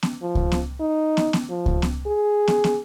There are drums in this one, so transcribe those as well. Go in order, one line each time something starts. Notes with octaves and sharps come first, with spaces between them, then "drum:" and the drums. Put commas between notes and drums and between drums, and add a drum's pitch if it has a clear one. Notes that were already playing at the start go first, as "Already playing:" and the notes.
drum: snare
F3
drum: kick C#2
drum: snare
D#4
drum: snare
drum: snare
F3
drum: kick C#2
drum: snare
G#4
drum: snare
drum: snare